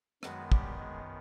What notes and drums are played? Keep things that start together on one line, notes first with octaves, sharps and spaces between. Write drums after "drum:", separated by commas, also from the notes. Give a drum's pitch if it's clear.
F#2 D#3 F#3 G#3 B3 F#4, drum: rim click
G3 G4, drum: kick
G#3 G#4